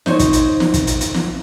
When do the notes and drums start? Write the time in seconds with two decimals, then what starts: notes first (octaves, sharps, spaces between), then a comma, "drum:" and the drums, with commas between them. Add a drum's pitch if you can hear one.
0.06 D#4 C5 C#5, drum: snare
0.19 drum: kick, hi-hat
0.33 drum: hi-hat
0.60 drum: snare
0.74 drum: kick, hi-hat
0.87 drum: hi-hat
1.01 drum: hi-hat
1.14 drum: snare